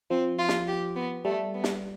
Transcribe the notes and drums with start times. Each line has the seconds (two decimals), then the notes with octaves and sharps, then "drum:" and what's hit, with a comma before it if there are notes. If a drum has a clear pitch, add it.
0.10 F3 C4
0.39 F4
0.49 drum: snare
0.67 G4
0.96 B3
1.25 G3 A3
1.54 B3
1.64 drum: snare